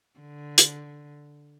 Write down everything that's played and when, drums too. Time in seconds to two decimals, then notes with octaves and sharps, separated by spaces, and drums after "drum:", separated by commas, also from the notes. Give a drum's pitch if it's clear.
0.20 D3
0.58 drum: hi-hat